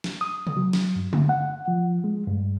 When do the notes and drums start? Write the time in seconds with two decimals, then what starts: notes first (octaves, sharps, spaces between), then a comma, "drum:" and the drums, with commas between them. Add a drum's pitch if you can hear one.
0.04 drum: snare
0.21 D#6
0.47 drum: tom C3
0.57 F#3
0.73 drum: snare
0.96 G2
1.13 D3, drum: tom G#3
1.29 F#5
1.68 F3
2.04 G#3
2.27 G2